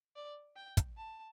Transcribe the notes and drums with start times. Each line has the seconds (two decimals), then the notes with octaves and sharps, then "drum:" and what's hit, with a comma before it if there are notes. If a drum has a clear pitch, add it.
0.16 D5
0.56 G5
0.77 drum: kick, hi-hat
0.97 A5